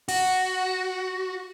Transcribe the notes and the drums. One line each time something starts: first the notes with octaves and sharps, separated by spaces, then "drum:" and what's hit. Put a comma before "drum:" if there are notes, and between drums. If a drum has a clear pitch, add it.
F#4, drum: cymbal